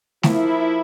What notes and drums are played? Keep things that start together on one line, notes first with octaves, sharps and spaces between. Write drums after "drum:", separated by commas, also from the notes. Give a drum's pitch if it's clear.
F3 A#3 E4, drum: snare A3